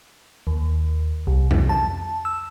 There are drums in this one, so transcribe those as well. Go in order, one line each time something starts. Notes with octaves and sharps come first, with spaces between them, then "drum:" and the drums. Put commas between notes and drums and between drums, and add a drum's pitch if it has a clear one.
D#2
C2
drum: tom F2
A5
E6